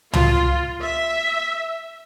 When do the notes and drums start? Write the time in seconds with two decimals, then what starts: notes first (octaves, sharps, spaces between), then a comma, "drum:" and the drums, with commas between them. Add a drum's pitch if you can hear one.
0.13 F4, drum: tom
0.82 E5